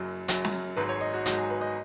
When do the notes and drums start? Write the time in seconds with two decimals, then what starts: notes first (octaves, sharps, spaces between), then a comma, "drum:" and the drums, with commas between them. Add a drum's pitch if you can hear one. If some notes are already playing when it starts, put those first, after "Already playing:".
Already playing: F#1 F#2 F#3
0.28 F#1 F#2 F#3, drum: hi-hat
0.45 drum: snare
0.77 G#1 G#2 F#3 B4
0.89 C#5
1.01 D#5
1.14 F#4
1.26 G#1 G#2 F#3 D#4, drum: hi-hat
1.38 G#4
1.50 B4
1.61 D#5